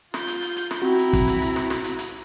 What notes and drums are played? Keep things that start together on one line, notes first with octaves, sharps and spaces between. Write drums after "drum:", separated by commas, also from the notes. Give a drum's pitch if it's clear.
F4 G6, drum: snare
drum: hi-hat
drum: hi-hat
drum: hi-hat
drum: snare
C4 E4 F#4 A#5
drum: hi-hat
drum: kick, hi-hat
drum: hi-hat
drum: hi-hat
drum: snare
drum: snare
drum: hi-hat
drum: hi-hat